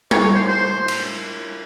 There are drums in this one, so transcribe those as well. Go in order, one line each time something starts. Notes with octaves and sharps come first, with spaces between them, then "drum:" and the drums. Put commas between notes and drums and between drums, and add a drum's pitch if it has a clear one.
C#5, drum: tom G3
C#5
C5
C5
drum: cymbal